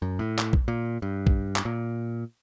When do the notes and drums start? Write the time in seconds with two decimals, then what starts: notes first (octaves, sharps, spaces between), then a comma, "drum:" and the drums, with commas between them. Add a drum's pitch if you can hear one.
0.02 F#2
0.19 A2
0.38 drum: clap
0.53 drum: kick A#1
0.68 A#2
1.02 G2
1.27 drum: kick A#1
1.56 drum: clap
1.65 A#2